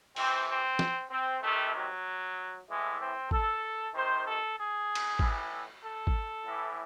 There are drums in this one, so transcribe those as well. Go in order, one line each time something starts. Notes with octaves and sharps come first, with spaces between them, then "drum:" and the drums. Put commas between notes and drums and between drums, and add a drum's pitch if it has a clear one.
C3 E3 C4, drum: cymbal
C4
drum: snare
C4
C3 D#3 A3
F#3
A2 E3 G#3
C4
A4, drum: kick G#1
C3 D#3 C5
A4
G#4
drum: cymbal
A2 E3, drum: kick G#1
A4
drum: kick G#1
A2 E3